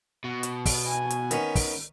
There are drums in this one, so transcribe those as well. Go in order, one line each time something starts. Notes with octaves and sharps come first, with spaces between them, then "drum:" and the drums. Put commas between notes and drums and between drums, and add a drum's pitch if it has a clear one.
B2
drum: hi-hat
drum: kick, open hi-hat
G#5
drum: hi-hat
D#3 B3 C#4, drum: hi-hat
drum: kick, open hi-hat